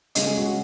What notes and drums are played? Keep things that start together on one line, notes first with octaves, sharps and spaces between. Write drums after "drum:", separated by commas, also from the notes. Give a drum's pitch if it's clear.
C#3 G#3 D#5, drum: hi-hat
G#4
F#4